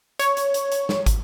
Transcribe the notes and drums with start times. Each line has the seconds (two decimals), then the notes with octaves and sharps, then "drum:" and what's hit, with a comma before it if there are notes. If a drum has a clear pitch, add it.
0.19 C#5, drum: hi-hat
0.37 drum: hi-hat
0.54 drum: hi-hat
0.72 drum: hi-hat
0.89 drum: snare
1.06 drum: kick, hi-hat